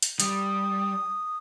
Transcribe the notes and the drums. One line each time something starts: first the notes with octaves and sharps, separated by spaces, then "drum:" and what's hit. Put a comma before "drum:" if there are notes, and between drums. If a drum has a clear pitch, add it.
drum: hi-hat
G3 D#6, drum: hi-hat